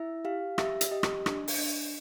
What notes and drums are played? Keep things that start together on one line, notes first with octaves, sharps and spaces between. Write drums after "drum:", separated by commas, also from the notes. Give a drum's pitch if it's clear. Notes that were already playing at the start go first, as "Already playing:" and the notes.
Already playing: E4 E5
G4 F5
G4 E5, drum: rim click
drum: hi-hat
G4 D#5
drum: rim click
D4, drum: rim click
drum: open hi-hat
D4